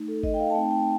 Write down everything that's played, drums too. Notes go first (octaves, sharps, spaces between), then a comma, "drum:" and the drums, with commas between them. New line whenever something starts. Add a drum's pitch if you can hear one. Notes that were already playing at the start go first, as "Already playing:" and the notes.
Already playing: A3 D#4
A4
D#5, drum: kick G1
G5
F5
A5
A3 C4 D#4 G5
G5